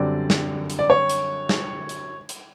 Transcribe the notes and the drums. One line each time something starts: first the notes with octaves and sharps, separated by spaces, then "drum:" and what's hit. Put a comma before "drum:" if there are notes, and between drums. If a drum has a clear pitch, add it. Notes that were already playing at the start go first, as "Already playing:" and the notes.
Already playing: F#2 D3 G3 C4 D5
drum: snare
drum: hi-hat
D5
C#5
drum: hi-hat
drum: snare
drum: hi-hat
drum: hi-hat